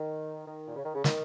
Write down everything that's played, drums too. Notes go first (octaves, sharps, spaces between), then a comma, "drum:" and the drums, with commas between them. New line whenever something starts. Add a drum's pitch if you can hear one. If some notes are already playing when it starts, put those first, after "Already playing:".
Already playing: D#3
D#3
A#2
C#3
D#3
C#3
D#3, drum: snare